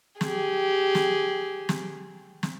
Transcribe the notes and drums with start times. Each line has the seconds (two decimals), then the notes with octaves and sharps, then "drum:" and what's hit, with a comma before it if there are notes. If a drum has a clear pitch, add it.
0.21 G4 G#4, drum: snare
0.95 drum: snare
1.69 drum: snare
2.43 drum: snare